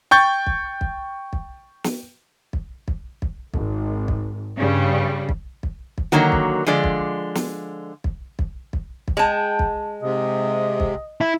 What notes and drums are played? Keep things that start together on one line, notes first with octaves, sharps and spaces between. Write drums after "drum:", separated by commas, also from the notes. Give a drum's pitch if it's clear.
G5 C#6 G6 A6
drum: kick
drum: kick
drum: kick
drum: snare
drum: kick
drum: kick
drum: kick
G#1, drum: kick
drum: kick
G2 C#3 G3
drum: kick
drum: kick
drum: kick
D3 D#3 F#3 A#3 F#4
drum: kick
D3 F3 G#3 D5
drum: kick
drum: snare
drum: kick
drum: kick
drum: kick
drum: kick
G#3 G5 A5
drum: kick
G#2 C3 D#5
drum: kick
E4